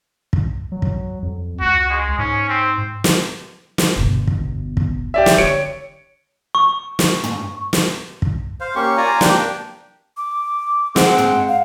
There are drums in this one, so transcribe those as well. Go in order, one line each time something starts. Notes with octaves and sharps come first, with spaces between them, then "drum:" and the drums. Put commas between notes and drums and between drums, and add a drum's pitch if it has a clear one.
drum: kick
F#3
drum: kick
F2
C#2 F#4
G#3
G#2 C#4
C4
drum: snare
drum: snare
G1 B2
drum: kick
drum: kick
G4 D5 E5
drum: snare
D3 C#5 C#7 D7
C#6
drum: snare
drum: tom
drum: snare
drum: kick
C5 F5
A#3 C#4 G4 C#6
F4 D5 G#5 A#5
A#3 D4 G4 G5, drum: snare
D6
G#3 C4 F#5, drum: snare
drum: tom
F5